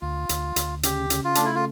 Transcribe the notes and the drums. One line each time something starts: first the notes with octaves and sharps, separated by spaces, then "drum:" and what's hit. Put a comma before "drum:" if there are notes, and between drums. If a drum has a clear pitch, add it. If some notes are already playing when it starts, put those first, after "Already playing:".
D2 F4
D2, drum: hi-hat
D2, drum: hi-hat
C#3 G4, drum: hi-hat
C#3, drum: hi-hat
F4
A3 D4, drum: hi-hat
E4
F4